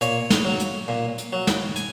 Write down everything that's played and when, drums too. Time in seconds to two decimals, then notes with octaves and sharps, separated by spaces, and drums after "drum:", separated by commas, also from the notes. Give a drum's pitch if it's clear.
0.01 A#2 C#5, drum: hi-hat
0.30 drum: snare
0.45 F#3
0.60 drum: hi-hat
0.88 A#2
1.18 drum: hi-hat
1.33 F#3
1.47 drum: snare
1.76 G#5, drum: hi-hat